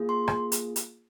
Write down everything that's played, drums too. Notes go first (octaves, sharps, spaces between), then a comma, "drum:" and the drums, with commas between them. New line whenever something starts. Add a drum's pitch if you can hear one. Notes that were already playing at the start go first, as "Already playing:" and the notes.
Already playing: A#3 F4 G#4
C6
drum: rim click
drum: hi-hat
drum: hi-hat